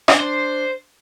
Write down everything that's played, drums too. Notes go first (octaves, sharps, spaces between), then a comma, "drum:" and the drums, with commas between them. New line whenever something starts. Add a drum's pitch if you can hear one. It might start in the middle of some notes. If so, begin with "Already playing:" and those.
D4, drum: rim click
C5